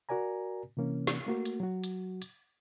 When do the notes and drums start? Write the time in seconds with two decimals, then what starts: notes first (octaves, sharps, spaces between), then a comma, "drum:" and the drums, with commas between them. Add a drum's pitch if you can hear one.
0.09 F#4 A#4 D5 G#5 A#5
0.77 C3 E3 A#3 C#4
1.07 drum: snare
1.26 A3 A#3 F#4
1.45 drum: hi-hat
1.60 F#3 F#4
1.84 drum: hi-hat
2.22 drum: hi-hat